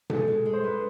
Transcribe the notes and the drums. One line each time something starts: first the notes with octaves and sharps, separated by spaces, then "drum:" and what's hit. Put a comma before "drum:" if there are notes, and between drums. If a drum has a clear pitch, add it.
G#3 A4, drum: tom B2
G#3
G#3
C5
G#3 B4